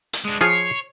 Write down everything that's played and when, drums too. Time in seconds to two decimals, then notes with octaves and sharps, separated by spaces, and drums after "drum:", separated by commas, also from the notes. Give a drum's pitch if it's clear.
0.13 drum: hi-hat
0.25 G#3 D4
0.41 F3 F4 G#4 C#5 C7